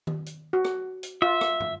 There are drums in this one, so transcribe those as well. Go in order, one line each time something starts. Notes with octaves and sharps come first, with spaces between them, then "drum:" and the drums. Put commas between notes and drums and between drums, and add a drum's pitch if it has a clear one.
drum: tom D#3
drum: hi-hat
F#4
drum: rim click
drum: hi-hat
F4 E5
drum: rim click
drum: tom